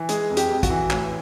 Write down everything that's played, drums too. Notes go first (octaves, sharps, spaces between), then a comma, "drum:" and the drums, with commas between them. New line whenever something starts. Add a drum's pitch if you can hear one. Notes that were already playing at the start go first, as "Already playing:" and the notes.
Already playing: E3
G#3 G#4, drum: hi-hat
F2
G4, drum: hi-hat
F2
F#4, drum: kick, hi-hat
E3
A1, drum: clap